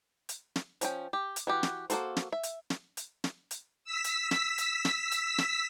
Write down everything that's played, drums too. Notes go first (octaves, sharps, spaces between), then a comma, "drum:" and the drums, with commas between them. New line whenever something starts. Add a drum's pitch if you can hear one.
drum: hi-hat
drum: snare
F3 C#4 G5, drum: hi-hat
G4
drum: hi-hat
E3 F#4 G4
drum: snare
A#3 C#4 F#4 A4 C5, drum: hi-hat
drum: snare
E5
drum: hi-hat
drum: snare
drum: hi-hat
drum: snare
drum: hi-hat
E6 B6
drum: hi-hat
drum: snare
drum: hi-hat
drum: snare
drum: hi-hat
drum: snare